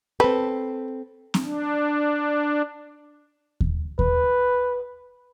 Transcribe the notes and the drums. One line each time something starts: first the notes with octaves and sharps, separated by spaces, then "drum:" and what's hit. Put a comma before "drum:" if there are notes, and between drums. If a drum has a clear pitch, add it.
C4 A4 B4
drum: snare
D4
drum: kick D#2
B4, drum: kick D#2